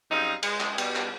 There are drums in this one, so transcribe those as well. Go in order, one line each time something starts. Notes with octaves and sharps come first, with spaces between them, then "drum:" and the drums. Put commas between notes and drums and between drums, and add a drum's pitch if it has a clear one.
F#2 G3 C4 D#4 G#4 F5
G#3, drum: cymbal
drum: clap
B2 G3, drum: cymbal
drum: clap